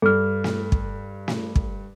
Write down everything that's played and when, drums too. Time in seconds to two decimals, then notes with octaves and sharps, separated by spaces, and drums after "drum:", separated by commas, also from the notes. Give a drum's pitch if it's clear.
0.02 G2 A4 F6
0.44 drum: snare
0.72 drum: kick
1.28 drum: snare
1.56 drum: kick